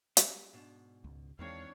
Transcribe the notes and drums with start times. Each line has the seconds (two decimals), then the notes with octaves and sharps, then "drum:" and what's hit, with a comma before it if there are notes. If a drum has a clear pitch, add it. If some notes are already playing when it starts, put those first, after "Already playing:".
0.17 G3 G#3 C#4, drum: hi-hat
0.53 G#2 B2 D4
1.04 C#2
1.39 E2 D#3 E3 G#3 C4 D4 C#5 F5